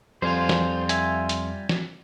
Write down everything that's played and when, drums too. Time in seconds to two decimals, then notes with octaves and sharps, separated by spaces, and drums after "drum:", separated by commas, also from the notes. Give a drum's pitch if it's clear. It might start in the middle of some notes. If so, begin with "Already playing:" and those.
0.22 F2 G3 F4 C5 F5 G#5
0.49 drum: snare
0.89 E5 G#5, drum: hi-hat
1.29 drum: hi-hat
1.69 drum: snare